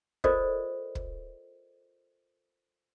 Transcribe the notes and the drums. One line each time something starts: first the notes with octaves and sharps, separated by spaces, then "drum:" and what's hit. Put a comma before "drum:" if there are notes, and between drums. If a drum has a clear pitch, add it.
F4 A4 A#4 C5 D5 D#5, drum: kick
drum: kick